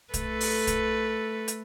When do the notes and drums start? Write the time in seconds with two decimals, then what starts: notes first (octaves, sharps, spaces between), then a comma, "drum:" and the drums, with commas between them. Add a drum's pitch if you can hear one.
0.14 A3 A4 B4, drum: kick, hi-hat
0.41 drum: open hi-hat
0.67 drum: kick, hi-hat
1.48 drum: hi-hat